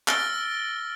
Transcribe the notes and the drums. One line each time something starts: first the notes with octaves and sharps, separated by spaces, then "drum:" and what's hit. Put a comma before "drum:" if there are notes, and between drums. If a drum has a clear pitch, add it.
E6 F6 A6 A#6 D7 G7, drum: clap